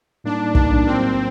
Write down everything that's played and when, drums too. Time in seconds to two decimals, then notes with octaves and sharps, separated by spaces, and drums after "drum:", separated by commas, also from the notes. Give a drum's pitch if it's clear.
0.24 A2 G3 A#3 D4 D#4
0.55 A2 G3 A#3 D4 D#4, drum: kick
0.86 A2 F#3 A#3 C4 F#4 A#4